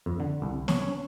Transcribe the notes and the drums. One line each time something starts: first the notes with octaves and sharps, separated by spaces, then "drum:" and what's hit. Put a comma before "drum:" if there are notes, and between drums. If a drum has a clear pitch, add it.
F2
D3
C2
C#5, drum: snare
C#4